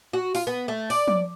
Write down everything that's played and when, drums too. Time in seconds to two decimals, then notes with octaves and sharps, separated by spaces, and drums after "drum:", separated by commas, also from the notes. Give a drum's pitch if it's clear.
0.13 F#4
0.35 F4, drum: open hi-hat
0.47 B3
0.68 A3
0.90 D5, drum: open hi-hat
1.08 drum: tom F3